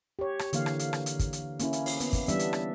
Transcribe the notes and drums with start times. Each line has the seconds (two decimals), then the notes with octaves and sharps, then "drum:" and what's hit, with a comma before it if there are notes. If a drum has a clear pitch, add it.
0.19 G4 C#5
0.39 drum: rim click
0.53 D3 E3 A#3 F5, drum: hi-hat
0.66 drum: rim click
0.79 drum: hi-hat
0.93 drum: rim click
1.06 drum: hi-hat
1.19 drum: kick, hi-hat
1.33 drum: hi-hat
1.59 A#3 C#4 E4, drum: hi-hat
1.73 drum: hi-hat
1.86 drum: open hi-hat
2.00 B3, drum: hi-hat
2.13 drum: kick, hi-hat
2.28 E3 G3 B3 D4 E5, drum: hi-hat
2.39 drum: hi-hat
2.53 drum: rim click